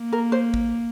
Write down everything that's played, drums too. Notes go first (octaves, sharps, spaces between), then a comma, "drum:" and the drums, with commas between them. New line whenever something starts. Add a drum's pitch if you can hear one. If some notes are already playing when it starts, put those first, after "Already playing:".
Already playing: A#3
A#4
C5
drum: kick G#1